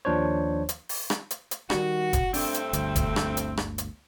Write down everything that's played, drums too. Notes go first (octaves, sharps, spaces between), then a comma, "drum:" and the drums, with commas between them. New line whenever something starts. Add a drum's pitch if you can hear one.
D#2 F3 D4 C5 C#5
drum: hi-hat
drum: open hi-hat
drum: rim click
drum: hi-hat
drum: hi-hat
D#3 G3 F#4, drum: rim click
drum: kick F1, hi-hat
G2 A3 C4 D4, drum: open hi-hat
drum: hi-hat
G1 D2, drum: hi-hat
drum: kick F1, hi-hat
drum: rim click
drum: hi-hat
drum: rim click
drum: hi-hat